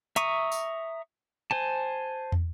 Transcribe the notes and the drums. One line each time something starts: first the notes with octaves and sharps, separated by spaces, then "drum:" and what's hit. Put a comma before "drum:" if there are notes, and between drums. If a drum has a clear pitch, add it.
E5 A#5 C#6 D#6, drum: hi-hat
drum: tambourine
C5 G#5 A5
drum: tom